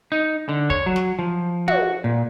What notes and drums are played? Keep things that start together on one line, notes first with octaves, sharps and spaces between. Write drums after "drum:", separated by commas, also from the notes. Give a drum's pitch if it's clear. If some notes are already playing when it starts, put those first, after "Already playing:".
D#4
D3
C#5, drum: kick
F#3
drum: snare
F3
F#4, drum: tom
A#2